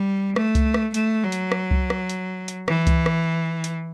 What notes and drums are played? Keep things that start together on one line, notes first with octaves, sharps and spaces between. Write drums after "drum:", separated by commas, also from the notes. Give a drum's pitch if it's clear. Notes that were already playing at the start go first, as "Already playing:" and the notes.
Already playing: G3
A3, drum: rim click
drum: kick C2, hi-hat
drum: rim click
A3, drum: hi-hat
F#3
drum: hi-hat
drum: rim click
drum: kick C2
drum: rim click
drum: hi-hat
drum: hi-hat
E3, drum: rim click
drum: kick C2, hi-hat
drum: rim click
drum: hi-hat